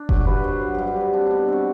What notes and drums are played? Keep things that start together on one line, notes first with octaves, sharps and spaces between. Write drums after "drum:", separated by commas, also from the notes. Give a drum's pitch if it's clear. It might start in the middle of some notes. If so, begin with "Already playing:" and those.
Already playing: D4
F#3 G4, drum: kick F#1
G2 B4
F#3 C5
F#3
G2 G4
G4
G2 B4
C4 D4
B2 D4
C4 F#4